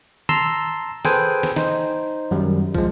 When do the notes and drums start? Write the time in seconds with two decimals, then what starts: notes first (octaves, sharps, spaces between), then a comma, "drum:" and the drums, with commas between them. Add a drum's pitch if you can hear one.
0.29 A5 A#5 C6 E6, drum: tom
1.05 G#4 A4 B4 C5 G5 G#5, drum: snare
1.43 drum: snare
1.56 D#4 C5, drum: snare
2.31 F#2 D#3 G3
2.75 F3 G#3, drum: kick